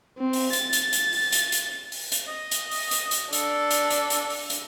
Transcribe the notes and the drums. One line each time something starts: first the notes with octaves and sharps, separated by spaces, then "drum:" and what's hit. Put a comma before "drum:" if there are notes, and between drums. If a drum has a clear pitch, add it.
C4
drum: open hi-hat
A6, drum: hi-hat
drum: hi-hat
drum: hi-hat
drum: open hi-hat
drum: hi-hat
drum: hi-hat
drum: open hi-hat
drum: hi-hat
D#5
drum: hi-hat
drum: open hi-hat
drum: hi-hat
drum: hi-hat
D4 A4, drum: hi-hat
drum: hi-hat
drum: hi-hat
drum: hi-hat
drum: open hi-hat
drum: hi-hat